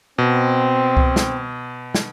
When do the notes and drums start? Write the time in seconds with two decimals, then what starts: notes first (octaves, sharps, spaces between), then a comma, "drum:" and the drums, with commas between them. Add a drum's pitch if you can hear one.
0.18 B2 C4
0.97 drum: kick C2
1.16 drum: snare
1.95 drum: snare